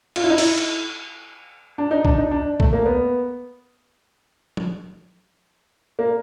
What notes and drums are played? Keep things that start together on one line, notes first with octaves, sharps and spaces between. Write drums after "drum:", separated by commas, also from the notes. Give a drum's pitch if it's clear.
F4, drum: cymbal
E4
D#4
E4, drum: open hi-hat
drum: cymbal
D4
D#4
D4, drum: kick B1
D#4
D4
A3, drum: kick B1
A#3
B3
drum: tom F3
A#3